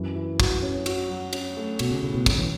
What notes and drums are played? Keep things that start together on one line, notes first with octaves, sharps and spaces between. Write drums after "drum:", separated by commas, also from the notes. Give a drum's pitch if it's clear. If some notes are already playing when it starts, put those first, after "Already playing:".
Already playing: F#2 E3
E3
F#4, drum: kick, cymbal
C#4
F#4, drum: cymbal
F#3
C#4, drum: cymbal
A3
B2 F#4, drum: cymbal
C#3
A2 C#3
B2
C#3 C#4, drum: kick, cymbal
E3